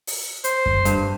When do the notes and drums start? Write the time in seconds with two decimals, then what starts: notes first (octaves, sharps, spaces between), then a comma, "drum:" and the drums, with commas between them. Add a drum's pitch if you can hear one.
0.07 drum: open hi-hat
0.44 C5, drum: hi-hat
0.66 drum: kick F#2
0.85 G2, drum: hi-hat